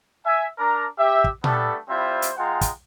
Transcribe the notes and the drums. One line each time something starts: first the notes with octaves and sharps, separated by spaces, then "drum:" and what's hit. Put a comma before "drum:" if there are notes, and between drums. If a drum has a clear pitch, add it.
E5 G#5
D4 A#4 A#5
G4 E5
drum: kick
G3 A3 B3 D4 A4, drum: tom A#2
G3 C4 E4 F4 C5 E5
drum: hi-hat
G#3 F4 G#4 F#5 G5 A#5
drum: kick, hi-hat